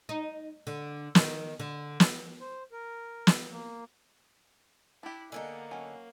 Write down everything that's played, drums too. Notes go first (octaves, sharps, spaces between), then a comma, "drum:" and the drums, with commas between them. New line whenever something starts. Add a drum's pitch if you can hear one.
D#4
D3
D#3, drum: snare
D3
drum: snare
C5
A#4
drum: snare
A#3
D4 E4 G4
D3 A#3 B3 D#4 G#4 A4 G#5
F#3 C#4 G#5 A5